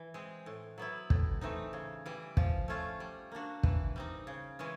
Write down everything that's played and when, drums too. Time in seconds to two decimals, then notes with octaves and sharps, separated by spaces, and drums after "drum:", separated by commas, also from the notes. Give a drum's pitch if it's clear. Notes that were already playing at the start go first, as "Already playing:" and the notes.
Already playing: E3
0.14 G#3 C4
0.46 A2
0.78 F#3 B3 E4
1.10 A2, drum: kick
1.41 E3 A3 C4 D#4
1.73 C#3
2.06 E3 G3
2.37 F3, drum: kick
2.68 A3 C#4 F4
3.00 G3
3.32 A#3 D4 F#4
3.63 E3, drum: kick
3.96 G3 C4 D#4
4.27 C#3
4.59 E3 G#3 C#4